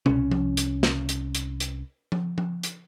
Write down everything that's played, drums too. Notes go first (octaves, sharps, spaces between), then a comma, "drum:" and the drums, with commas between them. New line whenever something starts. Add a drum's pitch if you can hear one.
C2 C#4, drum: tom B2
drum: tom F3
drum: hi-hat
drum: snare
drum: hi-hat
drum: hi-hat
drum: hi-hat
drum: tom F3
drum: tom F3
drum: hi-hat